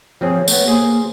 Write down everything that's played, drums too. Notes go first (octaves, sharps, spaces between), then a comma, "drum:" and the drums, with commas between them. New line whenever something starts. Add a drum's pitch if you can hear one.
F3 C4 G#4 C#5
A3 B3 C#5, drum: tambourine
A#3 G#4 C5